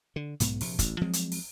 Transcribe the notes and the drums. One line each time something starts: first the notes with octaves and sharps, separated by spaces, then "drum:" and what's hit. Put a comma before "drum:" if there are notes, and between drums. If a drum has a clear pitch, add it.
D3
B1 G#2 B3, drum: hi-hat
A#1 C3, drum: open hi-hat
A1, drum: kick, hi-hat
F3 F#3 G#3 C4
drum: hi-hat
drum: open hi-hat